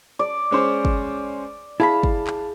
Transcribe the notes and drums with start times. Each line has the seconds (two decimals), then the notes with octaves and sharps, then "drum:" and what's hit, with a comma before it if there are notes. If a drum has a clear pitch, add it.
0.19 D5
0.51 G#3 C#4 C5
0.85 drum: kick
1.80 E4 G#4 F5 A5 B5
2.03 drum: kick
2.27 drum: clap